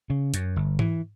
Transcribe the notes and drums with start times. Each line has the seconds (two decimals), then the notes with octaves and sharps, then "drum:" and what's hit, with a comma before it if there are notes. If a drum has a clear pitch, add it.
0.10 C#3
0.34 F#2, drum: hi-hat
0.56 G1
0.79 E3, drum: tom G#2